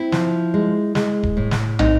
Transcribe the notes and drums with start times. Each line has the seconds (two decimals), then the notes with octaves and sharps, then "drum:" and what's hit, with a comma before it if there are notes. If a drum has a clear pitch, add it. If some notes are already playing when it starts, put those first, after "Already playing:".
Already playing: C4 E4
0.12 F3, drum: snare
0.54 G#3
0.95 G#3, drum: snare
1.23 drum: kick D1
1.37 A2
1.51 drum: snare
1.79 C4 D#4, drum: tom